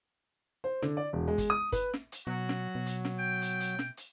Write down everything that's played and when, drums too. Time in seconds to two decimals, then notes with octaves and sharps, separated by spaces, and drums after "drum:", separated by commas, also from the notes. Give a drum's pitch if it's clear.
0.64 C5
0.82 D3, drum: snare
0.97 D5
1.13 E1
1.28 G#3
1.38 drum: kick, hi-hat
1.50 D#6
1.72 B4, drum: kick, hi-hat
1.94 drum: snare
2.12 drum: hi-hat
2.27 B2 F#3 F#4
2.49 drum: snare
2.75 B2
2.86 drum: hi-hat
3.05 drum: snare
3.19 G5
3.42 drum: hi-hat
3.60 drum: hi-hat
3.79 drum: snare
3.97 drum: hi-hat